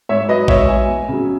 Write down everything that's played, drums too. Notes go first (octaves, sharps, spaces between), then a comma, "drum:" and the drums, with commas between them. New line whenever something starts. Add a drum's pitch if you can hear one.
G#2 C#5 E5
F#3 B4 D#5
G#2 C#5 E5, drum: kick A1
F#3 E5 G#5
E2
C#3 F#3